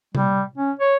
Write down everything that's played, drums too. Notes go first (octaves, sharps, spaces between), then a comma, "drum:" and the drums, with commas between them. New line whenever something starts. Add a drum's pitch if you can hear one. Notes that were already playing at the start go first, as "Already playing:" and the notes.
G3, drum: tom C3
C#4
C#5